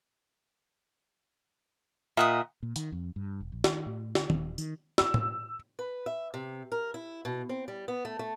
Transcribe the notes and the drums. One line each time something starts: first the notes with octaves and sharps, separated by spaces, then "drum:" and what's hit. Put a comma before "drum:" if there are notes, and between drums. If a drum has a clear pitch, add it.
A#2 D#5 E5 F#5 D#6
A#2
D#3, drum: hi-hat
F2
G2
E1
A#1
D#3, drum: snare
A2
D3, drum: snare
D#1, drum: tom
D#3, drum: tambourine
E6, drum: snare
drum: tom
B4
E5
C3
A#4
E4
B2
C4
G3
B3
A3
A3